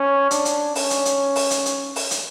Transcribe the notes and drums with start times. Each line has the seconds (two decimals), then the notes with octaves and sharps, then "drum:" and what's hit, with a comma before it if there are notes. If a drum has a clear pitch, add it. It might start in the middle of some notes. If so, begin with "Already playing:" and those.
Already playing: C#4
0.31 D4, drum: hi-hat
0.45 drum: hi-hat
0.75 C#4, drum: open hi-hat
0.90 drum: hi-hat
1.05 drum: hi-hat
1.35 drum: open hi-hat
1.51 drum: hi-hat
1.66 drum: hi-hat
1.96 drum: open hi-hat
2.11 drum: hi-hat